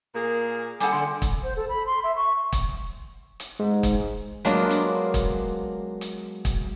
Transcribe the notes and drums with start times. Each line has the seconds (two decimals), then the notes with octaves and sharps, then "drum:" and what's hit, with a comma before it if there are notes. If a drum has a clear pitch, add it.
0.14 A#2 A#3 G#4
0.80 G3 A4 F#5 G#5, drum: hi-hat
0.92 D3 C6
1.22 drum: kick, hi-hat
1.44 C5
1.56 A4
1.69 B5
1.86 C6
2.04 E5
2.16 C#6
2.52 drum: kick, hi-hat
3.40 drum: hi-hat
3.59 G#2
3.83 drum: kick, hi-hat
4.45 F#3 G#3 A#3 B3 D4 F4
4.70 drum: hi-hat
5.14 drum: kick, hi-hat
6.01 drum: hi-hat
6.45 drum: kick, hi-hat